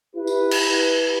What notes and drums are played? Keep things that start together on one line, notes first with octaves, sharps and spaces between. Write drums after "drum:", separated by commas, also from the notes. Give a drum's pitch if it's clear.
E4 G4 B4
drum: tambourine
drum: cymbal